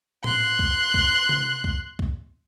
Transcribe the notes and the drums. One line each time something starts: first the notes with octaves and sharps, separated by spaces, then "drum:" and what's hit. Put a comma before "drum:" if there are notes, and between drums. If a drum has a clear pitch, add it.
C6 F#6, drum: tom A2
drum: kick C2
drum: kick C2
drum: tom C3
drum: kick C2
drum: kick C2